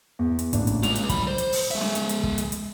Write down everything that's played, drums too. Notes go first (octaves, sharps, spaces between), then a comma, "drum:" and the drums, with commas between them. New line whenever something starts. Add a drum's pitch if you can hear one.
E2
drum: hi-hat
A1 A#2 D4, drum: kick, hi-hat
drum: hi-hat
G#3 F4 F7, drum: hi-hat
drum: hi-hat
F#3 B5, drum: kick, hi-hat
C5
drum: hi-hat
drum: open hi-hat
G#3 E5
drum: snare
drum: hi-hat
drum: hi-hat
drum: kick
drum: hi-hat
drum: hi-hat